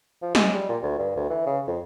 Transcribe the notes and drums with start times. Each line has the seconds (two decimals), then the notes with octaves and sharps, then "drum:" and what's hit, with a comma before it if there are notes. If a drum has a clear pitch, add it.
0.22 F3
0.35 G#3, drum: snare
0.54 G3
0.69 A#2
0.82 D2
0.99 G2
1.16 D2
1.30 E3
1.46 C#3
1.67 F2